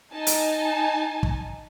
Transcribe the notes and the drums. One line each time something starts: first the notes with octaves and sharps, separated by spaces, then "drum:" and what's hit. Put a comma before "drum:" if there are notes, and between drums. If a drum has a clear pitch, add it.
D#4 G#5 A5
drum: hi-hat
drum: kick